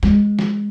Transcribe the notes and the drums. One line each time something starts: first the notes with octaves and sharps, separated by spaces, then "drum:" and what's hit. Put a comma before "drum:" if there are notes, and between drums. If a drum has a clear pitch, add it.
G#3, drum: snare
drum: snare